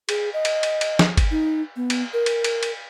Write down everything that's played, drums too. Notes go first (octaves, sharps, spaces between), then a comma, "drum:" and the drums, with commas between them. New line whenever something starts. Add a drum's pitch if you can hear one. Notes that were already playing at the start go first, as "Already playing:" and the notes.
G#4, drum: cymbal
D#5
drum: cymbal
drum: cymbal
drum: cymbal
drum: snare
drum: kick G1, cymbal
D#4
B3
drum: cymbal
A#4
drum: cymbal
drum: cymbal
drum: cymbal